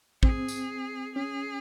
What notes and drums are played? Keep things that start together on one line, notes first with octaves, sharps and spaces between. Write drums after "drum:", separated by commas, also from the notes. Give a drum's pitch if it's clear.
C4 G#4, drum: kick
drum: tambourine
C#4 G#4